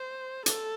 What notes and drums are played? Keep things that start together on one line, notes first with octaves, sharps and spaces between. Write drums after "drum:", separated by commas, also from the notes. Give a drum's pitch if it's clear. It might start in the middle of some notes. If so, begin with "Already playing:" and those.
Already playing: C5
A4, drum: hi-hat